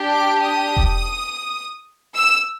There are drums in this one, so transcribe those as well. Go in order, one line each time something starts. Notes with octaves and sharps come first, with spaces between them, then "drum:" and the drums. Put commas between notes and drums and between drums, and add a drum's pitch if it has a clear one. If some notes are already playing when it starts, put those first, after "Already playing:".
Already playing: D4 G4
D6
D#6
drum: kick E1
E6